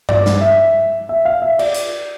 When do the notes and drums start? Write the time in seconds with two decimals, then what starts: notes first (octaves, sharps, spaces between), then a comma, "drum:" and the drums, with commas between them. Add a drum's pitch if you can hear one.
0.09 D5, drum: tom G2
0.26 drum: snare
0.41 E5
1.09 E5
1.25 F5
1.42 E5
1.59 D5, drum: cymbal
1.74 drum: hi-hat